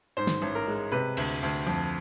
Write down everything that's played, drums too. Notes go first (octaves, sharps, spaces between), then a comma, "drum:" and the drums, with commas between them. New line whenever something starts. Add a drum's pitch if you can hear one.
G#2 C5
drum: snare
A1
A#4
G#3
C3 B4
D2, drum: cymbal
D2
F2